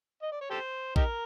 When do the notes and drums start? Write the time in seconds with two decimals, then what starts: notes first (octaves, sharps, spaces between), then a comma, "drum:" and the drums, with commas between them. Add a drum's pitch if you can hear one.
0.22 D#5
0.32 D5
0.41 C#5
0.50 G4 A4 C5
0.96 D#4 G4 A#4, drum: kick